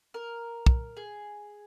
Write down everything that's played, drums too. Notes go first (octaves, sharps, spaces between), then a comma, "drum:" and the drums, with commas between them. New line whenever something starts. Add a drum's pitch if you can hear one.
A#4
drum: kick
G#4